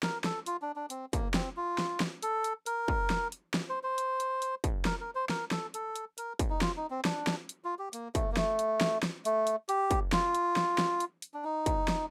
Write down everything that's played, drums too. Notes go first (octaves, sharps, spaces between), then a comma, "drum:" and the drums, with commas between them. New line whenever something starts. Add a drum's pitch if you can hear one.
A#4, drum: snare
A4, drum: snare
F4, drum: hi-hat
D4
D4
C4, drum: hi-hat
A#3, drum: kick, hi-hat
C4, drum: snare
F4
drum: snare
drum: snare
A4, drum: hi-hat
drum: hi-hat
A#4, drum: hi-hat
drum: kick
drum: snare
drum: hi-hat
drum: snare
C5
C5
drum: hi-hat
drum: hi-hat
drum: hi-hat
drum: kick, hi-hat
A#4, drum: snare
A#4
C5
A#4, drum: snare
A4, drum: snare
A4, drum: hi-hat
drum: hi-hat
A#4, drum: hi-hat
drum: kick, hi-hat
D#4
F4, drum: snare
D#4
C4
D4, drum: snare
drum: snare
drum: hi-hat
F4
G4
A#3, drum: hi-hat
A3, drum: kick, hi-hat
A#3
A3, drum: snare
drum: hi-hat
drum: snare
drum: snare
A3, drum: hi-hat
drum: hi-hat
G4, drum: hi-hat
drum: kick, hi-hat
F4, drum: snare
drum: hi-hat
drum: snare
drum: snare
drum: hi-hat
drum: hi-hat
D4
D#4
drum: kick, hi-hat
drum: snare